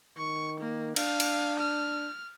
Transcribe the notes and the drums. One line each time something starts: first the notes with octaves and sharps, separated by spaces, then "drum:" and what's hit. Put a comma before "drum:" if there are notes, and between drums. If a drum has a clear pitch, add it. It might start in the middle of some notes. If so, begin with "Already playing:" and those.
D#3 C#6
A#3
D4 F5, drum: cymbal
drum: cymbal
F6